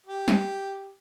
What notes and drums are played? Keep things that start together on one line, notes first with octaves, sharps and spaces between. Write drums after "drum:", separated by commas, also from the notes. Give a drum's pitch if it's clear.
G4
drum: snare